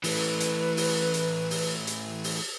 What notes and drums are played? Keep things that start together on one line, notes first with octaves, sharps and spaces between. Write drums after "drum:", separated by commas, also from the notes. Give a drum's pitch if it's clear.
E3 A3 B4, drum: open hi-hat
drum: hi-hat
drum: open hi-hat
drum: hi-hat
drum: open hi-hat
drum: hi-hat
drum: open hi-hat